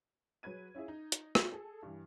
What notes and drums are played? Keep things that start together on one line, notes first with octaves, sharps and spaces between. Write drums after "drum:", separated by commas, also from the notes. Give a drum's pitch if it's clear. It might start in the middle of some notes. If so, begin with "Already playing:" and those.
F#3 G#4 B4 G#6 D#7
C#4 E4 F4 G#4 E5
D#4
drum: hi-hat
drum: rim click
G#4 A4
G2 E3